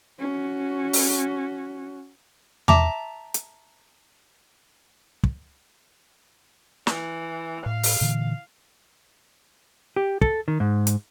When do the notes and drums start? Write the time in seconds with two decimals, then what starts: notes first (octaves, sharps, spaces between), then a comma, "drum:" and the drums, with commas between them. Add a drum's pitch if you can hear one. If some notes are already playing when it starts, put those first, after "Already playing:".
0.19 C#4 F#4
0.93 drum: open hi-hat
2.68 E5 A5 A#5 D6, drum: tom E2
3.34 drum: hi-hat
5.23 drum: kick
6.87 E3, drum: snare
7.66 A2 F5
7.83 drum: open hi-hat
8.01 A#2 D3 E3
9.96 G4
10.21 A4, drum: kick
10.48 D#3
10.60 G#2
10.87 drum: hi-hat